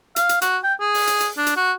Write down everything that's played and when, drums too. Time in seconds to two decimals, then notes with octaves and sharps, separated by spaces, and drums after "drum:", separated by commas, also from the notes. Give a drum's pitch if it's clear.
0.16 F5, drum: hi-hat
0.29 drum: hi-hat
0.42 F#4, drum: hi-hat
0.64 G5
0.80 G#4
0.94 drum: open hi-hat
1.07 drum: hi-hat
1.20 drum: hi-hat
1.37 D4
1.46 drum: hi-hat
1.56 F#4